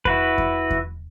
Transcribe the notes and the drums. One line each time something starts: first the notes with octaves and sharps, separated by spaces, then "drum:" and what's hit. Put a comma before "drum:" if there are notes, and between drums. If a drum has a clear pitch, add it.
E4 F#4 B4, drum: kick E2
drum: kick E2
drum: kick E2